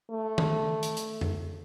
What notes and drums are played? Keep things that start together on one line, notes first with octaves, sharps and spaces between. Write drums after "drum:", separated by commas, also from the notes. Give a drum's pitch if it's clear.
A3
drum: tom D#3
drum: hi-hat
drum: hi-hat
drum: tom F2